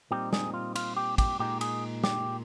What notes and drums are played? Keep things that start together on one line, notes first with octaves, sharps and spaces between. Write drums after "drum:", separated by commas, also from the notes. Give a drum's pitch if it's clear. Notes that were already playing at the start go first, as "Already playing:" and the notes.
A#2 G3 C4 D#4 G4
G#4, drum: snare
F4
F4, drum: cymbal
G4
G4, drum: kick, cymbal
A#2 G#3 D#4 G4
G#4, drum: cymbal
G4, drum: snare